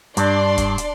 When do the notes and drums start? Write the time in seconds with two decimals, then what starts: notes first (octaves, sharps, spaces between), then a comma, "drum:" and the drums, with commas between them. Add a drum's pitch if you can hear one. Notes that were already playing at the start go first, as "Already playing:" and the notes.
0.17 G2 D4 D5 C6, drum: hi-hat
0.58 drum: kick, hi-hat
0.78 drum: hi-hat